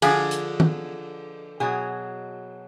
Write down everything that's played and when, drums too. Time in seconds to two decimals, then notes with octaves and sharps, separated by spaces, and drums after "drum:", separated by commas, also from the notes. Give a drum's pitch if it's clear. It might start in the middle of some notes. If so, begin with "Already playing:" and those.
0.02 D3 F3 G#4, drum: cymbal
0.31 drum: hi-hat
0.60 drum: tom D#3
1.60 B2 F#3 G#4